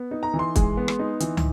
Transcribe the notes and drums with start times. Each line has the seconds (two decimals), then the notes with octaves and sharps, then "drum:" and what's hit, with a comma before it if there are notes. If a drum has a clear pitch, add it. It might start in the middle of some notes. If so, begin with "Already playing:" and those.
Already playing: B3
0.11 D#4
0.23 A#5
0.34 E3
0.39 C6
0.56 G#3, drum: kick, hi-hat
0.77 B3
0.88 drum: rim click
0.99 D#4
1.20 E3, drum: hi-hat
1.37 drum: tom